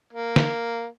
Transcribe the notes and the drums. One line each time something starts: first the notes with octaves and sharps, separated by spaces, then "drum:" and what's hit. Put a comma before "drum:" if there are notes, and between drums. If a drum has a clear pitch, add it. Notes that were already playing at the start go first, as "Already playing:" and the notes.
A#3
drum: snare